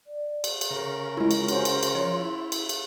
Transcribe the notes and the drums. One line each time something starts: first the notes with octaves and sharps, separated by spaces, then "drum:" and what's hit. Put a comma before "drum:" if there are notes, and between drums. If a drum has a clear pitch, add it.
D5
drum: cymbal
drum: cymbal
C#3 A4 A#4
G#3 E4 F4
drum: cymbal
C#4 F#4 C5 C6, drum: cymbal
drum: cymbal
drum: cymbal
F3 A#4 C#5
E4
drum: cymbal
drum: cymbal